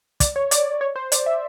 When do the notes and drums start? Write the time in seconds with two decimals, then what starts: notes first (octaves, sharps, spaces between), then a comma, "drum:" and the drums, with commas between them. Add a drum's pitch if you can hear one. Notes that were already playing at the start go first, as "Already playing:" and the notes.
0.20 D5, drum: kick, hi-hat
0.36 C#5
0.51 D5, drum: hi-hat
0.81 C#5
0.96 C5
1.12 D5, drum: hi-hat
1.26 E5